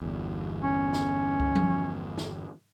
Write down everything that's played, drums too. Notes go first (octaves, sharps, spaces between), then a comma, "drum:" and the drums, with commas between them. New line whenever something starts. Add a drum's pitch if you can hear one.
G1 E2
C#4
drum: snare
drum: kick C#2
drum: tom F3
drum: snare